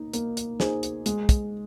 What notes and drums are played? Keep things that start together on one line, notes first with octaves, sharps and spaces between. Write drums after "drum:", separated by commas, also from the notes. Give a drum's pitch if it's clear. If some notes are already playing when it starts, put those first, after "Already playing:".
Already playing: A#3 D#4
A#3, drum: hi-hat
drum: hi-hat
D#4 G#4 C5, drum: snare
drum: hi-hat
G#3, drum: hi-hat
drum: kick, hi-hat